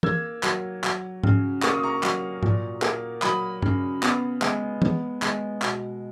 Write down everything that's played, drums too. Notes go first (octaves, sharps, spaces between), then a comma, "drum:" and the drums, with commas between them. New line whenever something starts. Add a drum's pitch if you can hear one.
A#3 E6 G#6, drum: tom E3
F#3, drum: clap
F#3, drum: clap
C#3, drum: tom G#2
A#3 C#6, drum: clap
D#6
A#5 C#6
F#3, drum: clap
A#2, drum: tom G#2
A#3, drum: clap
F#3 B5 D#6, drum: clap
C#3, drum: tom G2
B3, drum: clap
G#3, drum: clap
B3, drum: tom E3
G#3, drum: clap
B2, drum: clap